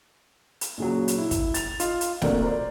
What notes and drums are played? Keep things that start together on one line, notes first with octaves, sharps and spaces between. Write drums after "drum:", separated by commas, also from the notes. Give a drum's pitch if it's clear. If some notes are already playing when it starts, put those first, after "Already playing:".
drum: hi-hat
A#2 C#3 F#3
drum: hi-hat
E4
drum: kick, hi-hat
A6 F7, drum: hi-hat
F4 D#5, drum: hi-hat
drum: hi-hat
A3 A#3 C4 D4 F#4 A#4, drum: snare
A#4 C5 D5